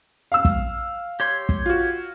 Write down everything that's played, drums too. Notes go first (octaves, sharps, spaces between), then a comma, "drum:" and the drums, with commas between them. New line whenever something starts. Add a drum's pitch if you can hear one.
F5 E6
drum: kick
G4 C#5 C6
drum: kick
F4 F#4